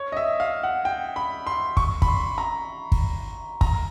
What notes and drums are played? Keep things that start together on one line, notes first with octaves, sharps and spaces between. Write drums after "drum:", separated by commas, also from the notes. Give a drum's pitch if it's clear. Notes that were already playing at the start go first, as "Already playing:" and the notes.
Already playing: C#5
D#5
E5
F5
F#5
G5
B5
C6
C#6, drum: kick
B5, drum: kick
C6
A#5
drum: kick
A#5, drum: kick